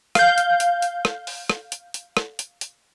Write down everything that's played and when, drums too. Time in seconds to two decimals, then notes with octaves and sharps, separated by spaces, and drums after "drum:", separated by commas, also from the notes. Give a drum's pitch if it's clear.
0.15 F5 G6, drum: rim click
0.38 drum: hi-hat
0.60 drum: hi-hat
0.82 drum: hi-hat
1.05 drum: rim click
1.27 drum: open hi-hat
1.50 drum: rim click
1.72 drum: hi-hat
1.94 drum: hi-hat
2.17 drum: rim click
2.39 drum: hi-hat
2.61 drum: hi-hat